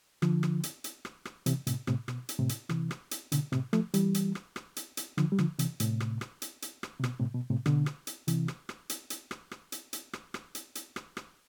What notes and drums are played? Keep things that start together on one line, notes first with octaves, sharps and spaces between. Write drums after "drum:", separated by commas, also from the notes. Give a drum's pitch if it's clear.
D3 F3, drum: rim click
drum: rim click
drum: hi-hat
drum: hi-hat
drum: rim click
drum: rim click
C3 E3, drum: hi-hat
A2 C3, drum: hi-hat
A2 C3, drum: rim click
B2, drum: rim click
drum: hi-hat
A2 C3
drum: hi-hat
C3 E3, drum: rim click
drum: rim click
drum: hi-hat
B2 D3, drum: hi-hat
A2 C3, drum: rim click
F3 A3, drum: rim click
E3 G3, drum: hi-hat
drum: hi-hat
drum: rim click
drum: rim click
drum: hi-hat
drum: hi-hat
D3 F3, drum: rim click
G3
D3 F3, drum: rim click
C3 E3, drum: hi-hat
A2 C3, drum: hi-hat
drum: rim click
drum: rim click
drum: hi-hat
drum: hi-hat
drum: rim click
C3
B2, drum: rim click
A2 C3
B2
A2 C3
B2 D3, drum: rim click
drum: rim click
drum: hi-hat
C3 E3, drum: hi-hat
drum: rim click
drum: rim click
drum: hi-hat
drum: hi-hat
drum: rim click
drum: rim click
drum: hi-hat
drum: hi-hat
drum: rim click
drum: rim click
drum: hi-hat
drum: hi-hat
drum: rim click
drum: rim click